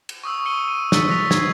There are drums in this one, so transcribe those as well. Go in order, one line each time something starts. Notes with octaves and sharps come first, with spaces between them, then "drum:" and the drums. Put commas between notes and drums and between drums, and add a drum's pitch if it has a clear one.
drum: cymbal
C#6 D#6 E6
D#6 E6 C#7 D#7 G7
D#7
C#6 E6 A6 B6 C#7, drum: snare
F#6 A#6 B6 F7
G#6 A6 C7, drum: snare